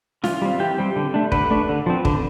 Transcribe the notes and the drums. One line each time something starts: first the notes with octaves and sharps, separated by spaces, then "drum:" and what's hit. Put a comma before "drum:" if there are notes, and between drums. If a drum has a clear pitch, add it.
E3 F4, drum: snare C#4
G3 C4
E3 G4
G3 C4
D3
A3 D4
D3 B4, drum: kick
A3 D4
D3
F3 C4
D3, drum: kick